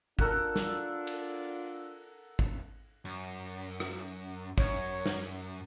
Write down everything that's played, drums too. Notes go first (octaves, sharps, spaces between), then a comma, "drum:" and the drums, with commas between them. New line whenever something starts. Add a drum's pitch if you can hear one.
D4 F4 A4 A#4 F#5, drum: kick G#1
drum: snare
drum: cymbal
drum: kick G#1
F#2
drum: rim click
drum: tambourine
F#2 C#5, drum: kick G#1
drum: snare